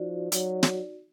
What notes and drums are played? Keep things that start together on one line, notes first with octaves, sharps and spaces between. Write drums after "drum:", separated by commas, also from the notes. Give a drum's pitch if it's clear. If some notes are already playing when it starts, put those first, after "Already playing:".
Already playing: F3 D#4 F#4 D5
F#3, drum: hi-hat
drum: snare